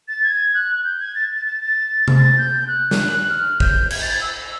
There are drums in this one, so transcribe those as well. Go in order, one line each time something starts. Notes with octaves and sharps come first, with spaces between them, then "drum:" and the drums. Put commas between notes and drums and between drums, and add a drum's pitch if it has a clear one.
A6
G#6
F#6
G6
G#6
A6
A6
A6
A6
drum: tom C3
G6
F#6
drum: snare
F6
G6, drum: kick
G#6, drum: cymbal
A6
G#6
E6